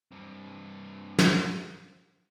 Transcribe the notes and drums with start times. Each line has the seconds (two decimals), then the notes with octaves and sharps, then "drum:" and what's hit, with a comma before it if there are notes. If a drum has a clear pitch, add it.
0.12 G2 C4
1.19 drum: snare